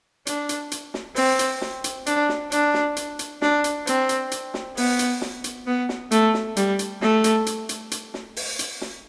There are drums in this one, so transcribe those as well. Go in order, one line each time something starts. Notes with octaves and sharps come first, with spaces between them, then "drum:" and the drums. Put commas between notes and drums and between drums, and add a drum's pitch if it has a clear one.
D4, drum: hi-hat
drum: hi-hat
drum: hi-hat
drum: snare
C4, drum: open hi-hat
drum: hi-hat
drum: snare
drum: hi-hat
D4, drum: hi-hat
drum: snare
D4, drum: hi-hat
drum: snare
drum: hi-hat
drum: hi-hat
D4, drum: snare
drum: hi-hat
C4, drum: hi-hat
drum: hi-hat
drum: hi-hat
drum: snare
B3, drum: open hi-hat
drum: hi-hat
drum: snare
drum: hi-hat
B3
drum: snare
A3, drum: hi-hat
drum: snare
G3, drum: hi-hat
drum: hi-hat
A3, drum: snare
drum: hi-hat
drum: hi-hat
drum: hi-hat
drum: hi-hat
drum: snare
drum: open hi-hat
drum: hi-hat
drum: snare